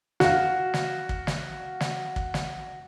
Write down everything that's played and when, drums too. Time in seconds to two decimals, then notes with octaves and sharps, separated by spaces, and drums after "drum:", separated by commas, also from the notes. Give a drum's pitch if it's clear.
0.20 F#4 F5, drum: snare
0.74 drum: snare
1.09 drum: kick
1.27 drum: snare
1.80 drum: snare
2.16 drum: kick
2.34 drum: snare